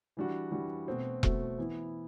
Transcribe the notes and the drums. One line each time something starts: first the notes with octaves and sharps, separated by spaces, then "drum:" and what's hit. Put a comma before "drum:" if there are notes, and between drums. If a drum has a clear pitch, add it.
E3 G3 D4 F#4
E3 G3 D4 F#4
B2 A3 C4 F#4
B2 A3 C4 F#4, drum: kick E1
E3 B3 E4